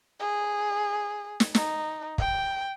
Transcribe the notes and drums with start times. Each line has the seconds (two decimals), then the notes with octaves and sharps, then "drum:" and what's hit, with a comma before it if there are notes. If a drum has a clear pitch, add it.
0.20 G#4
1.40 drum: snare
1.55 D#4, drum: snare
2.18 G5, drum: kick